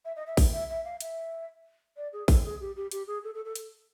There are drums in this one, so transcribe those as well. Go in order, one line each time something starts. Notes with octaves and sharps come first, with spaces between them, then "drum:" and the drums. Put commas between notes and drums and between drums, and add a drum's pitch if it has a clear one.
E5
D#5
E5
drum: kick A#1, open hi-hat
E5
E5
F5
E5, drum: hi-hat
D5
G#4
A4, drum: kick A#1, open hi-hat
G#4
G4
G4
G4, drum: hi-hat
G#4
A4
A4
A4
drum: hi-hat